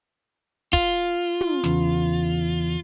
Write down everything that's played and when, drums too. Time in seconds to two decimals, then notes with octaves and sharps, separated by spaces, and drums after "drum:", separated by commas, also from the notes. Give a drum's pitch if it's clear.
0.73 F4, drum: kick
1.41 drum: tom
1.64 E2 C#3, drum: snare